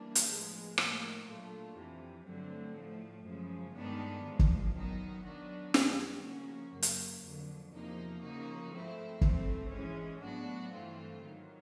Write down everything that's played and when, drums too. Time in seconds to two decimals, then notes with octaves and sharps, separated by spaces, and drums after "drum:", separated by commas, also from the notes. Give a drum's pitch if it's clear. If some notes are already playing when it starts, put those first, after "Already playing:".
Already playing: E3 G3 A#3 D4
0.15 drum: hi-hat
0.28 A2 F3 G#3 B3
0.78 A2 F3 A#3 D#4 F#4, drum: rim click
1.27 A#2 F#3 A3 D4 F4
1.76 F2 C3 E3
2.26 G2 D3 F#3 A3 C4
2.76 A2 F3 A3
3.26 F#2 C#3 F3 G#3
3.75 G2 D#3 G#3 B3 D4
4.25 G#2 F3 G#3
4.39 drum: kick
4.74 F#2 D#3 F#3 B3 D#4
5.24 D#3 F#3 B3 D4 F#4
5.74 F#2 D#3 G3 B3, drum: snare
6.24 C#3 F3 A#3 C#4 F#4
6.73 F#2 C#3 F#3 A#3
6.83 drum: hi-hat
7.23 F2 D3 F#3
7.72 E2 C3 F3 A#3 D#4
8.22 C#3 F3 A#3 D#4 F#4
8.73 G#2 F3 A3 C4 E4
9.21 G2 E3 A3 C4, drum: kick
9.71 G#2 E3 G#3 C#4
10.21 A2 F#3 B3 D4 F#4
10.70 G2 E3 A3 C4 F4
11.21 G#2 D#3 F#3